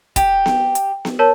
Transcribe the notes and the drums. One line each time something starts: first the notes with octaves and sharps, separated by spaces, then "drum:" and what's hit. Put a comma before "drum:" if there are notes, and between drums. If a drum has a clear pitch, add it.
G4, drum: kick, hi-hat
drum: snare B3
drum: hi-hat
drum: snare B3
A#4 C#5 A5